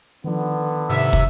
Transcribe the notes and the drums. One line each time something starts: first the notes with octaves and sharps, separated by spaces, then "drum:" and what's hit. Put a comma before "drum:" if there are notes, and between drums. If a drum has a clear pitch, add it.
D3 D#3 F3 B3
G#2 C3 E5
drum: kick